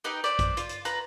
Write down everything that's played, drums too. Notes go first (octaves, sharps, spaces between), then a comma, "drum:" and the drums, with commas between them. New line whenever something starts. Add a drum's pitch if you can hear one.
D#4 G4 B4 D#5
B4 C5 D5, drum: hi-hat
drum: kick, hi-hat
F4, drum: hi-hat
drum: hi-hat
F4 B4 A#5, drum: hi-hat